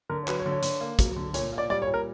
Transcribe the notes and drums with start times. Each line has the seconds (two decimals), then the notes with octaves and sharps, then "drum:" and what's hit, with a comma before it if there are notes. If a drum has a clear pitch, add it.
0.09 D3 A#4
0.24 C#5
0.28 F#3 B4, drum: clap
0.40 C#5
0.46 D3
0.51 C#5
0.62 D3, drum: hi-hat
0.81 A#3
0.99 F#3, drum: kick, hi-hat
1.16 D3
1.34 A#2 C#5, drum: hi-hat
1.53 A#3
1.58 D5
1.70 G3 D5
1.82 C#5
1.87 A#2
1.94 A#4